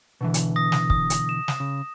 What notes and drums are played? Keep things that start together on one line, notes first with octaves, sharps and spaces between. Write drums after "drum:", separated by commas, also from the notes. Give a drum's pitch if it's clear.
B2 D3 E3
drum: hi-hat
D#6 A#6
drum: snare
D#6, drum: kick
drum: hi-hat
E7
drum: snare
C#3